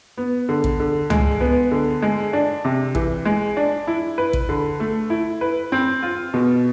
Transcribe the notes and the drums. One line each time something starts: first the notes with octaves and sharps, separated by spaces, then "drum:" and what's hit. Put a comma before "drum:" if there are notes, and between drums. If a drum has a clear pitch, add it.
B3
D3
drum: kick
D3
G#3, drum: tom
B3
D3
G#3
D4
C3
E3, drum: kick
G#3
D4
E4
B4
drum: kick
D3
A3
E4
B4
C4
F4
B2